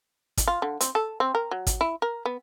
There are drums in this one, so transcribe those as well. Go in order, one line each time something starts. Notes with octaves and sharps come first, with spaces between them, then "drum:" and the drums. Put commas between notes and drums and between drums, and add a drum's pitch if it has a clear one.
drum: kick G#1, hi-hat
F4
D3
C4, drum: hi-hat
A4
C4
A#4
F#3
drum: kick G#1, hi-hat
E4
A#4
B3